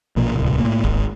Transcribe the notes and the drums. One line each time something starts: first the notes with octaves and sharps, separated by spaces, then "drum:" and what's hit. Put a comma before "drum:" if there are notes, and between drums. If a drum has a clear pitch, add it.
A#1 B2 A#3
D1 C2
A2 A#3
G#1, drum: kick D1